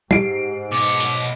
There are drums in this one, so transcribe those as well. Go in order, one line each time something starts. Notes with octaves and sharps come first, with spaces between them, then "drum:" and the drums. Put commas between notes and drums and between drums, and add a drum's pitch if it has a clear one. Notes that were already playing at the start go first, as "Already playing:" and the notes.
G#2 G4 C7 D7, drum: tom
B2 C#5 D6
drum: hi-hat